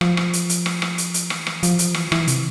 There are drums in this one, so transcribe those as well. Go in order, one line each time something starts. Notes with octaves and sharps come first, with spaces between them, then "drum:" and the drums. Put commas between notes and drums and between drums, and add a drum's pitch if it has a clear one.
F3, drum: rim click
drum: rim click
drum: hi-hat
drum: hi-hat
drum: rim click
drum: rim click
drum: hi-hat
drum: hi-hat
E3, drum: rim click
drum: rim click
F3, drum: hi-hat
drum: hi-hat
E3, drum: rim click
E3, drum: rim click
C3, drum: hi-hat